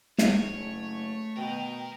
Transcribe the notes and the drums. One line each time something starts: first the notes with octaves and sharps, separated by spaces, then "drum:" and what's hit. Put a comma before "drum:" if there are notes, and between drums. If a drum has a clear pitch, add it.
G#2 C#5, drum: snare
F#1 A3
B2 A#4 D#5 G5